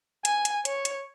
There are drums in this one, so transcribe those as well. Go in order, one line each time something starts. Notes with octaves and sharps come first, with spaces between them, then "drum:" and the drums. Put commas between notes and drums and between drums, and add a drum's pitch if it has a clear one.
G#5, drum: hi-hat
drum: hi-hat
C#5, drum: hi-hat
drum: hi-hat